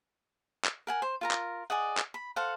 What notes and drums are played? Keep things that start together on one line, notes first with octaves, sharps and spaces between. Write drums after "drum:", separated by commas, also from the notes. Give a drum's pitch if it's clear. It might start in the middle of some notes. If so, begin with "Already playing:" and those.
drum: clap
A#4 F#5 G#5
C5
F4 A#4 A#5
drum: clap
G#4 D5 D#5 F#5
drum: clap
B5
A4 C5 F5 F#5